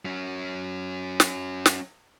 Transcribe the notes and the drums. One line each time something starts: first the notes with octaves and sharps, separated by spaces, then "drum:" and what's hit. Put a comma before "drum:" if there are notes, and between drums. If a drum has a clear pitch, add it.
F#3 C#4
drum: snare
drum: snare